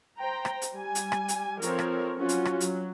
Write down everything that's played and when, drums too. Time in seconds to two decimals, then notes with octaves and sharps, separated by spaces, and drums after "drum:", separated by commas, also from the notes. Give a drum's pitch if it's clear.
0.20 C5 G5 A#5
0.45 drum: rim click
0.62 drum: hi-hat
0.74 G3 G#5
0.95 drum: hi-hat
1.12 drum: rim click
1.28 drum: hi-hat
1.62 F3 C4 A4 A#4 C#5, drum: hi-hat
1.79 drum: rim click
2.17 F#3 C#4 F4 F#4
2.29 drum: hi-hat
2.45 drum: rim click
2.60 F#3, drum: hi-hat